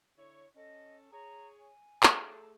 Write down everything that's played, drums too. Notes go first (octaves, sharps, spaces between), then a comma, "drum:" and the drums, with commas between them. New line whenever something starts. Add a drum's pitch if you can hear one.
D3 E4 C#5
C#4 A4 D#5
G#4 C#5 A#5
G#5
A3 G#4 A4, drum: clap